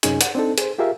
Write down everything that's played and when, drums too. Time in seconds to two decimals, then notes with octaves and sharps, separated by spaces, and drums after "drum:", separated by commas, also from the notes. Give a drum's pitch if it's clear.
0.03 F#2 C3 C#4 D#4 G#4 G#5, drum: hi-hat
0.21 F#5, drum: hi-hat
0.35 C4 D4 D#4 A4
0.58 G#4 C5, drum: hi-hat
0.78 F4 G4 G#4 A#4 E5 F5